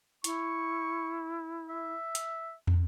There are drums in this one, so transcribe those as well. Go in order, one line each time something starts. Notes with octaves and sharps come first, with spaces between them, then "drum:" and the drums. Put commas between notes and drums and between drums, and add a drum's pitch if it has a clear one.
E4 C#6, drum: hi-hat
E5
drum: hi-hat
drum: tom